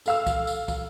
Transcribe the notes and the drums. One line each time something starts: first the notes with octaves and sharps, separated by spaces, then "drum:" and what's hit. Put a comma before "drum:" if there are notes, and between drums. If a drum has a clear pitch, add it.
A4 F5 E6, drum: tambourine
drum: kick, tambourine
drum: tambourine
drum: kick, tambourine